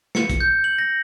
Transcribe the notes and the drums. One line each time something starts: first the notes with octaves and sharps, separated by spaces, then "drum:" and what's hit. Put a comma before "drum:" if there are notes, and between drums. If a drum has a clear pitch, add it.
C#7, drum: snare
drum: kick, hi-hat
G6
F#7
A#6